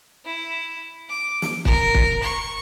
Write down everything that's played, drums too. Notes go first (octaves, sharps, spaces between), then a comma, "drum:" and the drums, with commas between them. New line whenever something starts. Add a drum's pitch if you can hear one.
E4
D6
drum: snare
A#4, drum: kick
drum: kick
C#6